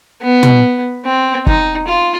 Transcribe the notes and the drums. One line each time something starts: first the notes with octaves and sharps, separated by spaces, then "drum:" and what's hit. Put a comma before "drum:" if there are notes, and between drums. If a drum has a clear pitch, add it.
B3
drum: tom
C4
D#4, drum: kick
F4